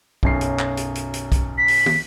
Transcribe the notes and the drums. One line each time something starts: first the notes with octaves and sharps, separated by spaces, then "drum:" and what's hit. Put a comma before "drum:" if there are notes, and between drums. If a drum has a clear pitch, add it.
B1 F#2 C7, drum: kick
drum: hi-hat
drum: clap
drum: hi-hat
drum: hi-hat
drum: hi-hat
drum: kick, hi-hat
B6
drum: open hi-hat
drum: tom